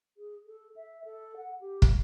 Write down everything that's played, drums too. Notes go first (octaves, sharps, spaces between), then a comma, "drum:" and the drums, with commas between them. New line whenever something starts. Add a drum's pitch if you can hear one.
G#4
A4
E5
A4
F#5
G4
drum: kick